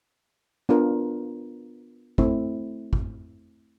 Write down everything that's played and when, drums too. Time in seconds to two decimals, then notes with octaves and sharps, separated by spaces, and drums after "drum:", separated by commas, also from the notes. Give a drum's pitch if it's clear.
0.69 B3 D4 F4 A#4
2.18 A3 C4 E4, drum: kick
2.93 drum: kick